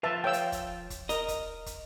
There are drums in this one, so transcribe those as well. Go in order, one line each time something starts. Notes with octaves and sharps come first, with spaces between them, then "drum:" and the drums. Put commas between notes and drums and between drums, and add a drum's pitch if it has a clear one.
F3 F4 B4 E5 A5
C#5 F5 G5 E6
drum: hi-hat
drum: kick, hi-hat
drum: kick, hi-hat
A#4 D#5, drum: hi-hat
drum: kick, hi-hat
drum: kick, hi-hat